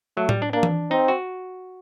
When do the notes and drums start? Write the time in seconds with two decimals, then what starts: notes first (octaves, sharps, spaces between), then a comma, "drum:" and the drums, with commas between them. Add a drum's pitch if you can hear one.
0.17 F#3 A3
0.29 G3, drum: tom A2
0.42 D4
0.53 A#3 D4
0.63 drum: tom E3
0.90 C4 D#4
1.08 F#4